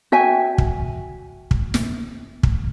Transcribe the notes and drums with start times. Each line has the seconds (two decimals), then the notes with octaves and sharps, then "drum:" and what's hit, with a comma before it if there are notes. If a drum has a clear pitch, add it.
0.12 F#4 E5 G5 G#5
0.58 drum: kick
1.51 drum: kick
1.74 drum: snare
2.43 drum: kick